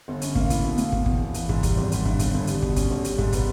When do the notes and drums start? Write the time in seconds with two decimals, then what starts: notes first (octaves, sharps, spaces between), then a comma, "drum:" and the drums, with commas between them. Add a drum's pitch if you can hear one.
0.08 G1
0.22 C#4, drum: hi-hat
0.35 A#3, drum: kick
0.50 E4, drum: kick, hi-hat
0.64 B2
0.78 A#3, drum: hi-hat
0.92 B2, drum: kick
1.06 E2, drum: kick
1.21 E2
1.34 E3, drum: hi-hat
1.49 G#2, drum: kick
1.63 G3, drum: kick, hi-hat
1.77 G#1
1.92 G3, drum: hi-hat
2.05 G2, drum: kick
2.19 G1, drum: kick, hi-hat
2.33 G1
2.47 G3, drum: hi-hat
2.62 B2, drum: kick
2.76 C#4, drum: kick, hi-hat
2.90 B1
3.04 G3, drum: hi-hat
3.18 G#2, drum: kick
3.33 B3, drum: kick, hi-hat